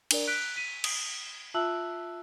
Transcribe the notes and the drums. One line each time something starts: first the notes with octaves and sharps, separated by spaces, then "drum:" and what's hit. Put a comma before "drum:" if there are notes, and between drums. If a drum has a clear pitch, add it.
D4 A#4 D5, drum: cymbal
F#6 B6 D7
B6 D#7
D#6, drum: cymbal
F4 E5 A5 E6 F#6 F#7